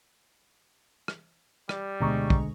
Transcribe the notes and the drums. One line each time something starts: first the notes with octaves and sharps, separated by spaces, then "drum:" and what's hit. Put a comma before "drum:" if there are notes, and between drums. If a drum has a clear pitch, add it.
drum: rim click
G3, drum: rim click
D2 B2 G#3 A#5 C#6 D#6
drum: kick